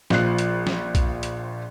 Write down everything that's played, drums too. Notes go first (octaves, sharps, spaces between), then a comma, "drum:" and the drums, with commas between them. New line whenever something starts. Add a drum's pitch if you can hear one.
A#1 F3 F4 F#6 C7, drum: snare
drum: hi-hat
drum: snare
drum: kick B1, hi-hat
drum: hi-hat